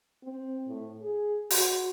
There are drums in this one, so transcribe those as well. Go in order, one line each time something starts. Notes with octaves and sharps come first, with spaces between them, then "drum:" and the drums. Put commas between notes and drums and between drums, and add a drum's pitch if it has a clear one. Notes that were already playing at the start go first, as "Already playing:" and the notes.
C4
A2
G#4
F#4, drum: open hi-hat